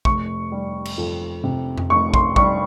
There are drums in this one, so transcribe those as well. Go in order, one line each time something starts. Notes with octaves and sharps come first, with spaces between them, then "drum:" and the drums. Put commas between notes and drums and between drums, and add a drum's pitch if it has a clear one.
F1 C#6, drum: kick
G3
drum: cymbal
F2
C3
drum: tom F2
F1 C#6
C6, drum: kick
G3 C#6, drum: kick